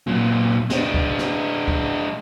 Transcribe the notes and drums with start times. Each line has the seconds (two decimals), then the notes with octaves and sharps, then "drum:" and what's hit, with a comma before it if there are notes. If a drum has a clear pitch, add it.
0.07 A#2 F#3
0.70 G#3 D4, drum: snare
0.94 drum: kick
1.19 drum: snare
1.68 drum: kick